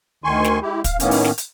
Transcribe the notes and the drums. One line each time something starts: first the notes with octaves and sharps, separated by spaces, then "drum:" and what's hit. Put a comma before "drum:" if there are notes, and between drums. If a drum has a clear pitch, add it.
D2 D#3 G#5 C6 C#6
drum: snare
G#3 E4 G4
F5, drum: kick, hi-hat
A2 D#3 A#3 B3 C#4, drum: hi-hat
drum: open hi-hat
drum: snare
drum: hi-hat